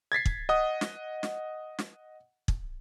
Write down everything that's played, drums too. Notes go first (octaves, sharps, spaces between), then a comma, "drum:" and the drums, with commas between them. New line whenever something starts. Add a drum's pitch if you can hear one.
G#6 A6 B6 C7
drum: kick
D#5 F#5 D#6
drum: snare
drum: snare
drum: snare
drum: kick